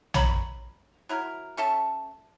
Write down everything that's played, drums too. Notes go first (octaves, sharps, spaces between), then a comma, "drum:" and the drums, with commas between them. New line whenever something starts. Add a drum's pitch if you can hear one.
C#5 A#5 B5, drum: tom A#1
F#3 E4 A#4
C#4 A4 E5 A5